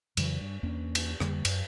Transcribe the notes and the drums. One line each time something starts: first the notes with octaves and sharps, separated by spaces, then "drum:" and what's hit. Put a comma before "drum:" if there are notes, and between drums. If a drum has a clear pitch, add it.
F2 C#3 E3 F#3, drum: cymbal
G2
E2 A#3 C#4 D4
drum: cymbal
F2 D3 G3 A#3, drum: rim click
F#2, drum: cymbal